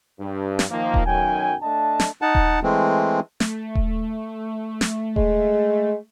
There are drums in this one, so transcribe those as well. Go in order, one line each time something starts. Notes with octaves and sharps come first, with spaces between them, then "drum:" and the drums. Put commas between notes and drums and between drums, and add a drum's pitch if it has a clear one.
G2
drum: snare
D#3 F3 A#3
drum: kick D#1
B1 F#2 D#3 F#3 G5 G#5
A3 D4 D#5 A5
drum: snare
D#4 F#5 A5
drum: kick D#1
E3 G#3 A3 C4
A3, drum: snare
drum: kick D#1
drum: snare
G#3, drum: kick D#1